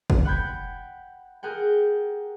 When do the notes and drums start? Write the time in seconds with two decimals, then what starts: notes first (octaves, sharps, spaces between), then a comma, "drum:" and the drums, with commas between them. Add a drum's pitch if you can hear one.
0.10 drum: kick
0.25 F#5 G5 B5 G6 G#6
1.43 G4 G#4 A#4 F#5 G5